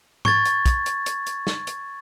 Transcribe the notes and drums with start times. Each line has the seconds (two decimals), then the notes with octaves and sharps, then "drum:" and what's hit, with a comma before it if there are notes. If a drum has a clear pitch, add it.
0.25 C#6 G#6 A6, drum: tom
0.45 drum: hi-hat
0.66 drum: kick, hi-hat
0.86 drum: hi-hat
1.06 drum: hi-hat
1.26 drum: hi-hat
1.47 drum: snare
1.67 drum: hi-hat